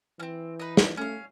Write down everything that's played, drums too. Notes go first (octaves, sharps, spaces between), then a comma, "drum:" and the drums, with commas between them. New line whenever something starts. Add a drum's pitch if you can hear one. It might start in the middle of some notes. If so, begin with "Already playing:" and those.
E3 C4 C#4
D#4 B4
drum: snare
A3 C#4 F5